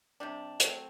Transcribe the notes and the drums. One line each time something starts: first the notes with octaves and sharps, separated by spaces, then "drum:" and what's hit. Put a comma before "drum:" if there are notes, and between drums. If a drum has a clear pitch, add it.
C3 G3 D4
F#3 A3 C4, drum: hi-hat